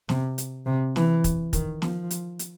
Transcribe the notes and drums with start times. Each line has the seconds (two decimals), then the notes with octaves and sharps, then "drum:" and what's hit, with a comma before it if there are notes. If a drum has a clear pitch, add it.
0.09 C3, drum: snare
0.38 drum: hi-hat
0.66 C3
0.96 E3, drum: snare
1.24 drum: kick, hi-hat
1.53 D#3, drum: kick, hi-hat
1.82 F3, drum: snare
2.11 drum: hi-hat
2.39 drum: hi-hat